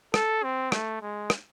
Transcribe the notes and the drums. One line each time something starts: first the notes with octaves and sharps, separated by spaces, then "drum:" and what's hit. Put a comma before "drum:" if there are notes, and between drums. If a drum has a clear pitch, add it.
A4, drum: rim click
C4
A3, drum: rim click
G#3
drum: rim click